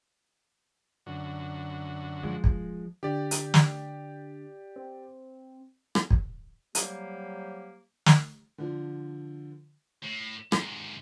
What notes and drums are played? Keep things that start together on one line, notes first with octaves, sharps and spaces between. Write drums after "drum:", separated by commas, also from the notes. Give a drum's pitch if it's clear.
F#2 D3 F#4
F3 G#3
drum: kick
D3 G4 D5
drum: hi-hat
drum: snare
C4
drum: rim click
drum: kick
F#3 G3 A#3 G4 C5, drum: hi-hat
drum: snare
D3 F3
A2
G#2 C3, drum: rim click